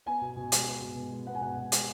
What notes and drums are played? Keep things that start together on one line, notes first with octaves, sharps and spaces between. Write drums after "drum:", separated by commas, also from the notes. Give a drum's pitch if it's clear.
B3 G#5
B2
B2
G#3, drum: hi-hat
B3
B2
B2
G#3
B3 F#5
G#5
B2 F#5
B2
G#3, drum: hi-hat